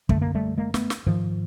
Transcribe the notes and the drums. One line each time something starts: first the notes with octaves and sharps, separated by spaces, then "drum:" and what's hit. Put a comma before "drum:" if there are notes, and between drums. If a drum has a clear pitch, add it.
F#2 D3 A3, drum: kick
A#3
G3 A3
G#3 A#3
A3 B3, drum: snare
drum: snare
G#2 D#3 F3